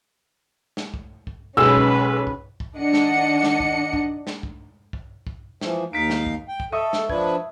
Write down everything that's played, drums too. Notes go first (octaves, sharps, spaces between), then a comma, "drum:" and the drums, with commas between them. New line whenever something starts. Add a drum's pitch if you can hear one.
drum: snare
drum: kick
drum: kick
B1 G#3 C#4 G#4 B4 E6
drum: kick
drum: kick
drum: kick
D#3 D4 D#5 F#5 C#7
drum: snare
drum: snare
drum: kick
drum: kick
drum: snare
drum: kick
drum: kick
drum: kick
E3 F3, drum: snare
D#2 D#4 F5 B6 D7
drum: snare
drum: kick
G5
drum: kick
A4 D#5 E5 C#6
drum: snare
F3 D4 B4 G#6, drum: kick